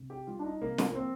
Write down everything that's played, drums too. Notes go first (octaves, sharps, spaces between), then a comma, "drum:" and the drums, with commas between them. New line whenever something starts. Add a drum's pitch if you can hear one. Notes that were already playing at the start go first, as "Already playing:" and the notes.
Already playing: C3
G4
G3 F4
D4
D#4
C3 A#3
drum: snare
A#3
F3 C4